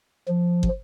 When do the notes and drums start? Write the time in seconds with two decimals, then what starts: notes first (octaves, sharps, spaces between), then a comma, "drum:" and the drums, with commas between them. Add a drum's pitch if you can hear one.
0.28 F3
0.63 drum: kick